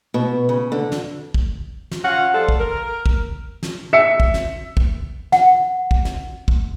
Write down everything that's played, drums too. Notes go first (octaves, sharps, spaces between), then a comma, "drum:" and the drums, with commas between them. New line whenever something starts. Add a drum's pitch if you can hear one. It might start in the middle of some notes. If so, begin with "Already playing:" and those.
B2
C#3
D3
drum: snare
drum: kick
drum: snare
C#4 F4 F5 F#5
F3 G3 F4 A4
drum: kick
A#4
drum: kick
drum: snare
E5 C#7
drum: kick
drum: snare
drum: kick
F#5, drum: snare
drum: kick
drum: snare
drum: kick